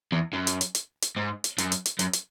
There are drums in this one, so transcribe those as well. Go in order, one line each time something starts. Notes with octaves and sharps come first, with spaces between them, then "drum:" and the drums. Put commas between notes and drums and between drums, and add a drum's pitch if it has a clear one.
E2
F#2
drum: hi-hat
drum: hi-hat
drum: hi-hat
drum: hi-hat
G#2
drum: hi-hat
F#2, drum: hi-hat
drum: hi-hat
drum: hi-hat
F#2, drum: hi-hat
drum: hi-hat